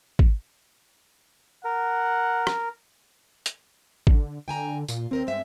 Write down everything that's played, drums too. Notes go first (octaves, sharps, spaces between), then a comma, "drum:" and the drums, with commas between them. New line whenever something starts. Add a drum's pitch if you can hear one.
drum: kick
A#4 F#5
drum: rim click
drum: hi-hat
D3, drum: kick
D3 G5 G#5 A#5
A#2 F4, drum: tambourine
D#2 C4 A#4 C5
G2 G#3 E5